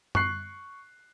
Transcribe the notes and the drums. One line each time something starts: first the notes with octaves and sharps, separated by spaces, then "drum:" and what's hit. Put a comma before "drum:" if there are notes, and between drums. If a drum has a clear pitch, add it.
C#6 F#6 C7, drum: tom F#2